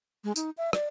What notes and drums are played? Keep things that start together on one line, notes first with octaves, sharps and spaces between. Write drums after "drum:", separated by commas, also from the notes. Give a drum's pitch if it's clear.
G#3
D#4, drum: tambourine
E5
D5, drum: rim click